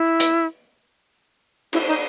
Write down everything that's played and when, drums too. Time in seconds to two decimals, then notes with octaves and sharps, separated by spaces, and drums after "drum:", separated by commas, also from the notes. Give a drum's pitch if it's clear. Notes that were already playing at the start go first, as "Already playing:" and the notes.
Already playing: E4
0.20 drum: hi-hat
1.73 E4, drum: cymbal
1.87 D#4